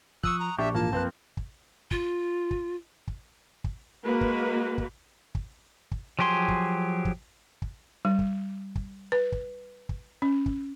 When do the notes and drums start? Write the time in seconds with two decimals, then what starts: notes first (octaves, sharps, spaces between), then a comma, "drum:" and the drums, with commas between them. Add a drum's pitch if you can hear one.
0.24 F3 C#6 D#6 E6 F#6, drum: kick
0.40 A#5
0.59 A#1 D4 G4 E5 C#6
0.75 G#2 E3 A#3 F4 A5
0.93 F#2 F3 A#3 C4 B4 F#6
1.37 drum: kick
1.91 F4, drum: kick
2.51 drum: kick
3.08 drum: kick
3.64 drum: kick
4.05 G#3 A#3 F#4 B4
4.21 drum: kick
4.78 drum: kick
5.35 drum: kick
5.91 drum: kick
6.19 F3 F#3 G4 G#4 C6
6.48 drum: kick
7.05 drum: kick
7.62 drum: kick
8.05 G3
8.19 drum: kick
8.75 drum: kick
9.12 B4
9.32 drum: kick
9.89 drum: kick
10.22 C#4
10.46 drum: kick